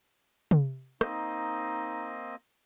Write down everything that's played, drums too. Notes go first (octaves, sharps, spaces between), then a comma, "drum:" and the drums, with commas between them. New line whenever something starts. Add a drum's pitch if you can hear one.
drum: tom
A#3 C4 D#4 D#5, drum: rim click